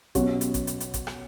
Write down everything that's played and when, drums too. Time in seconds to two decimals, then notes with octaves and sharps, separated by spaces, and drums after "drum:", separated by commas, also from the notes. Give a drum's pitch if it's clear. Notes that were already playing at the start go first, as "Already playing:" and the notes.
0.15 B2 F#3 C#4 F#4, drum: kick A1, hi-hat
0.41 drum: hi-hat
0.54 drum: kick A1, hi-hat
0.67 drum: hi-hat
0.80 drum: hi-hat
0.94 drum: kick A1, hi-hat
1.07 drum: rim click